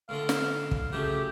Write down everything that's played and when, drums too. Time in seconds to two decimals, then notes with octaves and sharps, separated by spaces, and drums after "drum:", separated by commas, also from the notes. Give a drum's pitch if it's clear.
0.09 A2 D3 F4 F5
0.29 drum: snare
0.71 drum: kick
0.93 C#3 F#3 A3 G4